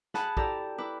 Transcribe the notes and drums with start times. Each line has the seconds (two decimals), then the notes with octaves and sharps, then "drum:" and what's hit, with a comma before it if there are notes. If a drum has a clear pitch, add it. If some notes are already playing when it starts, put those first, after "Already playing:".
0.14 G#4 F#5 A5 B5 F#6, drum: snare
0.37 E4 G4 A4 D5 A#5, drum: kick
0.78 E4 B4 D6